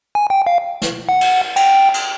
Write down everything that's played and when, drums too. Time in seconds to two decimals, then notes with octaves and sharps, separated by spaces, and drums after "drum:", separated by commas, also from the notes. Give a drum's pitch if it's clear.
0.15 G#5
0.30 G5
0.47 F5
0.82 drum: snare
1.09 F#5
1.21 drum: cymbal
1.56 G5, drum: cymbal
1.94 drum: cymbal